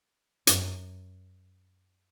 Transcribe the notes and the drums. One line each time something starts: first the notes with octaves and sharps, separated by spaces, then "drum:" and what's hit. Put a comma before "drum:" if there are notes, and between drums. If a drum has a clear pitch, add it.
F#2, drum: hi-hat